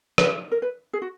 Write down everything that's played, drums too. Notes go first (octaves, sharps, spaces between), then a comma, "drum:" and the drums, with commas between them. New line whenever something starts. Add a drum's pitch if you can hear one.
B4, drum: rim click
A#4
B4
G#4
F#4